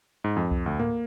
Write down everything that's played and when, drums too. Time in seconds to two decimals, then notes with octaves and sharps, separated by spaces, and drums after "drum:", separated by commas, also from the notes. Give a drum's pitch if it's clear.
0.24 G#2
0.36 F2
0.51 drum: kick C2
0.66 D2
0.80 A#3, drum: tom G#2